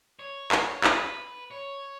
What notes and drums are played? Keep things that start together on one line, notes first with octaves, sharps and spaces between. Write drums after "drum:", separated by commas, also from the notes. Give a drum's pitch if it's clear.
C#5
drum: clap
B4, drum: clap
C#5